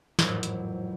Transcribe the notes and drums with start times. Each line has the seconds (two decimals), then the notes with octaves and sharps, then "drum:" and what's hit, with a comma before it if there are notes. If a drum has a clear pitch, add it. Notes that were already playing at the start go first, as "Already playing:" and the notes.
0.19 G#1 F2 A2 E3 F#3, drum: snare
0.43 drum: hi-hat